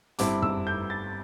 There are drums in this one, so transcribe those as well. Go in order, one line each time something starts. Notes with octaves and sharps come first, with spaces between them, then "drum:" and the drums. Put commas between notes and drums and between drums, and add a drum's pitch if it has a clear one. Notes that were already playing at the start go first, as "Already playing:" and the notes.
G1 G2 G3 C4 E4 D6, drum: hi-hat
E6, drum: tom
G6
A6